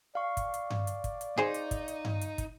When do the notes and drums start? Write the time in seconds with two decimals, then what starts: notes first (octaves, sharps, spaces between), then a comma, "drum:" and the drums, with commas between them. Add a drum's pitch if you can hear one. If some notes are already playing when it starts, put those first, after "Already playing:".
0.15 D5 F5 C#6
0.37 drum: kick, hi-hat
0.54 drum: hi-hat
0.70 drum: tom G2
0.87 drum: hi-hat
1.04 drum: kick, hi-hat
1.21 drum: hi-hat
1.38 D#4 G#4 C5
1.54 drum: hi-hat
1.71 drum: kick, hi-hat
1.88 drum: hi-hat
2.05 drum: tom G2
2.21 drum: hi-hat
2.38 drum: kick, hi-hat